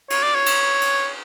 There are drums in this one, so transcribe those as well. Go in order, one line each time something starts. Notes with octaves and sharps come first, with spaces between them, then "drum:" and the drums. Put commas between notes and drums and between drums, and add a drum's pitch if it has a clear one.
C#5, drum: cymbal
D5
C#5
drum: cymbal
drum: cymbal